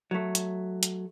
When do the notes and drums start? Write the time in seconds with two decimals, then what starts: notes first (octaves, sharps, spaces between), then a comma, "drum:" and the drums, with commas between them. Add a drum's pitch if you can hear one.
0.11 F#3 A3
0.35 drum: hi-hat
0.83 drum: hi-hat